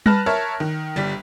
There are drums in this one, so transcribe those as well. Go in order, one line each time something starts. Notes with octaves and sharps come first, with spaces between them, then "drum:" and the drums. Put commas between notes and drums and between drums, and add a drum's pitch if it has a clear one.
B4 A5 F6 F#6 A#6, drum: tom G3
A#4 C#5 E5 A5
D#3
G1 G3